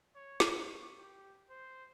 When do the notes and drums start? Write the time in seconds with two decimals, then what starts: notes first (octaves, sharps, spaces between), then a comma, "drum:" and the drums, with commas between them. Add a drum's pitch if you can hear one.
0.15 C#5
0.40 drum: snare
0.50 C#6
0.99 G4
1.50 C5